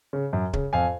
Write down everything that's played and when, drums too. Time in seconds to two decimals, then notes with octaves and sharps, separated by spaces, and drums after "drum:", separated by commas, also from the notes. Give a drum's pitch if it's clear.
0.13 C#3
0.33 F#2
0.53 C#3, drum: kick
0.73 F2 F5 G#5